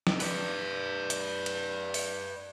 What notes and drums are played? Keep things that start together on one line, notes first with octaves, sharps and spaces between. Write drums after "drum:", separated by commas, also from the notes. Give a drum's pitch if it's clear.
drum: snare
B4 D5, drum: open hi-hat
drum: hi-hat
drum: cymbal
drum: open hi-hat